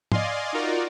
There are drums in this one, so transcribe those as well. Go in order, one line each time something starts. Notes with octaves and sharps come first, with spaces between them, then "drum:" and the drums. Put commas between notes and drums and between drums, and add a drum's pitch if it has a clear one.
D5 D#5 F5 G#5 C6, drum: tom G#2
D#4 F4 F#4 A#4 D5